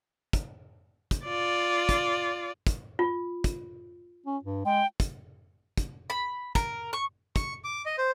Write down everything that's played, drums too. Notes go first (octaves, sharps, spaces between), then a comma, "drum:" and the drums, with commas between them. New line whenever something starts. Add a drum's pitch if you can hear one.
drum: kick, hi-hat
drum: kick, hi-hat
F4 D5
drum: kick, hi-hat
drum: kick, hi-hat
F4
drum: kick, hi-hat
C#4
G2
G#3 G5
drum: kick, hi-hat
drum: kick, hi-hat
B5
A#4, drum: kick, hi-hat
C#6
C#6, drum: kick, hi-hat
D6
D#5
C5